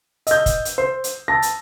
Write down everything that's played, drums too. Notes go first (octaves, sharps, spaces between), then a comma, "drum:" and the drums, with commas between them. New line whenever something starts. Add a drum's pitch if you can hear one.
D#5 G6, drum: hi-hat
drum: kick, hi-hat
drum: hi-hat
C5
drum: hi-hat
A5 A#6
drum: hi-hat